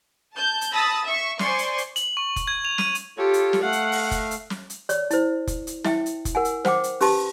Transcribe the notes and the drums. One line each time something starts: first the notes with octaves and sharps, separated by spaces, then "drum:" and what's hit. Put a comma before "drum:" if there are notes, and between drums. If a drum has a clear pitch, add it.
A5 G6
drum: hi-hat
A5 B5 D#6 E6 A6 A#6
E5 C#6
C5 D5 G#5 C6 C#6, drum: snare
drum: hi-hat
drum: hi-hat
F#7, drum: hi-hat
C#6
drum: kick F1, hi-hat
G#6
F7
D#7, drum: snare
drum: hi-hat
F4 G4 A4 C#5
drum: hi-hat
drum: snare
A3 F5 F#5
drum: hi-hat
drum: open hi-hat
drum: kick F1, hi-hat
drum: hi-hat
drum: snare
drum: hi-hat
C#5 D5, drum: hi-hat
E4 C5, drum: hi-hat
drum: kick F1, hi-hat
drum: hi-hat
E4 E5 G5, drum: snare
drum: hi-hat
drum: kick F1, hi-hat
A#4 F#5 G#5
drum: hi-hat
C5 F#5 G5 D6, drum: snare
drum: hi-hat
C#4 G4 B4 A5 C6, drum: open hi-hat